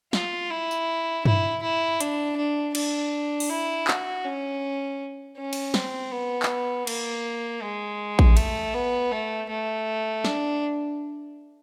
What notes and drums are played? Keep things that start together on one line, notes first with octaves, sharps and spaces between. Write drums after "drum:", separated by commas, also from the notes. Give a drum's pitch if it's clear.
F4, drum: snare
E4
drum: tambourine
E4, drum: tom G2
E4
D4, drum: hi-hat
D4
D4, drum: cymbal
drum: open hi-hat
E4
F#4, drum: clap
C#4
C#4
drum: cymbal
C4, drum: snare
B3
drum: clap
A#3, drum: cymbal
G#3
drum: kick A1
A3, drum: cymbal
B3
A3
A3
D4, drum: snare